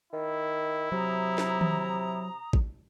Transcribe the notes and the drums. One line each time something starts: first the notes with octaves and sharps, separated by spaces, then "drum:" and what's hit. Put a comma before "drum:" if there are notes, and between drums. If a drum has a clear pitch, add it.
D#3 E4
C3 F#3 A#5 D#6
drum: snare
drum: tom D#3
drum: kick